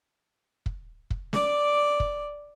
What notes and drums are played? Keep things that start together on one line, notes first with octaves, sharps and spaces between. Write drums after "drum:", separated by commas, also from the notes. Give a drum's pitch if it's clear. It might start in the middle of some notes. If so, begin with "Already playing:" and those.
drum: kick
drum: kick
D5 D6, drum: snare
drum: kick